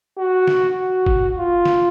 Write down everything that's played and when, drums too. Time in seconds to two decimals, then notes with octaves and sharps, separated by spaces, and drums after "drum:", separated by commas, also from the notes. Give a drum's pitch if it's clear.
0.17 F#4
0.47 drum: snare
0.77 F#4
1.06 drum: kick
1.36 F4
1.65 drum: snare